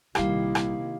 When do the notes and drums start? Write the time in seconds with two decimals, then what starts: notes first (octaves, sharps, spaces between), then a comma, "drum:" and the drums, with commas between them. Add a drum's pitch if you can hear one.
0.15 A#1 C3 D#3 G3 A#3 E4 G4 F5, drum: rim click
0.55 drum: rim click